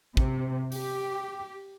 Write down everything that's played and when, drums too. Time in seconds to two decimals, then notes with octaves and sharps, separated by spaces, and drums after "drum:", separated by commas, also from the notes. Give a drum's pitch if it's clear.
0.17 C3, drum: kick
0.72 G4, drum: open hi-hat